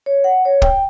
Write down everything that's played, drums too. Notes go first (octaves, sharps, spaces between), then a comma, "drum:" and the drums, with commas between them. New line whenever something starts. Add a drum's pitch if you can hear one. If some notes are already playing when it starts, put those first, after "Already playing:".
C#5
F#5
C#5
G5, drum: kick